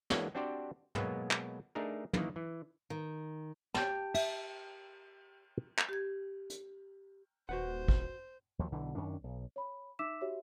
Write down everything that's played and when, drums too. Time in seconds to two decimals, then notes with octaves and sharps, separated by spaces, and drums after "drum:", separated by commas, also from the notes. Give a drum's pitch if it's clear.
0.10 E3 G#3 A#3 D4 F#4, drum: snare
0.35 C4 D4 F#4 G4 C5 D5
0.95 B2 F#3 G#3 A#3 B3, drum: tom
1.31 drum: clap
1.75 A3 D4 D#4 G#4 A#4
2.13 D#3 E3 A#3, drum: tom
2.36 E3
2.90 D#3
3.74 G4 A5, drum: snare
4.14 E5, drum: cymbal
5.78 drum: clap
5.89 G4 G#6
6.50 drum: hi-hat
7.49 D#1 F#4 B4 C5 F#5
7.88 drum: kick G#1
8.59 D#2 F3 F#3
8.72 B1 B2 D3 E3
8.95 F#2 D#3 C#4 D4
9.24 B1
9.56 C#5 B5
9.99 D#4 E5 D6 E6 B6 E7
10.21 F#4 G4 C#5 E5